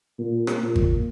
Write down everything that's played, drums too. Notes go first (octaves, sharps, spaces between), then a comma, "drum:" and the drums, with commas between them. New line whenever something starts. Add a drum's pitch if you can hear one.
A#2
drum: rim click
A#2
drum: kick G#1